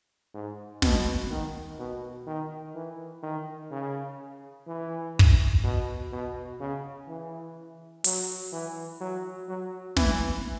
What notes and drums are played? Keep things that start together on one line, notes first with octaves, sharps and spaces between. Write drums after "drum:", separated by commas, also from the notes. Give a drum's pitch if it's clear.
G#2
B2, drum: snare
D#3
B2
D#3
E3
D#3
C#3
E3
drum: kick
B2
B2
C#3
E3
F#3, drum: hi-hat
E3
F#3
F#3
E3, drum: snare